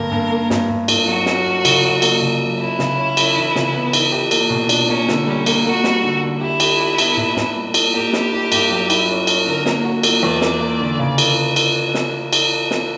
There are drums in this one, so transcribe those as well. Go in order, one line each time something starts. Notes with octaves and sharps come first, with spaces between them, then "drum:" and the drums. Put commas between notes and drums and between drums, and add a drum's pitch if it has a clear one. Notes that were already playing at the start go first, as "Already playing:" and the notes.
Already playing: G2 D3 A#3 A#4
G2
A#3
G2, drum: snare
G2
G2, drum: cymbal
F#3 F#4
C#4, drum: snare
C#4
C#3, drum: cymbal
F#3
A#3, drum: cymbal
C#3
F#3
C#4 E4
C#3, drum: snare
C#4
C#4, drum: cymbal
E3
C#3, drum: snare
B3
E3, drum: cymbal
G4
A#3, drum: cymbal
B2
D4, drum: cymbal
A#3 C#4
D3, drum: snare
G3 C#4
A#3, drum: cymbal
A#3 F#4
G3, drum: snare
D3
D3
E4 G4
G4, drum: cymbal
G4
B3, drum: cymbal
A#2
A#2, drum: snare
G3
A#3, drum: cymbal
A#3 G4
E4, drum: snare
E4
G2, drum: cymbal
F#3
E4, drum: cymbal
C#4
C#4, drum: cymbal
D3 A#4
A#3, drum: snare
F#4
A#3, drum: cymbal
E2 D5
A#3, drum: snare
A#3
D3
C#3
drum: cymbal
drum: cymbal
drum: snare
drum: cymbal
drum: snare